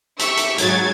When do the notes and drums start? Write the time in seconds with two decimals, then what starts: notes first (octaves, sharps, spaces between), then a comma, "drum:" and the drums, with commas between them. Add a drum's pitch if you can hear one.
0.19 G4 E5 C#6 E6, drum: hi-hat
0.37 drum: hi-hat
0.58 G#2 C#3 F#3 G#6 A6, drum: hi-hat